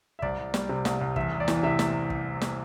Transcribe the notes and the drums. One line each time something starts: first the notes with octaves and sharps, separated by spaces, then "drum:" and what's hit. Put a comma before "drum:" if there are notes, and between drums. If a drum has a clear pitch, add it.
E5
C2 D5, drum: kick
C2
G3, drum: snare
C3
C2, drum: snare
C2
E2 E5, drum: kick
E2
D5
E3, drum: snare
C3 E5
drum: snare
drum: kick
drum: snare